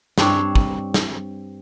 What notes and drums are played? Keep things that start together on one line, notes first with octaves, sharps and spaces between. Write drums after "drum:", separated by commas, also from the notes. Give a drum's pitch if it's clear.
G2 C4 D4 C#5, drum: snare
drum: kick
drum: snare